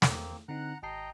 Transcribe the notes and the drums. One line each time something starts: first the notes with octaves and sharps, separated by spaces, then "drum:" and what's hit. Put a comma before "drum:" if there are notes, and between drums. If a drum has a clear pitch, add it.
E2 A#3 C4, drum: snare
D3 C4 D#4 F#5 A#5 F#6
G#1 D#5 G5 A5 A#5 C7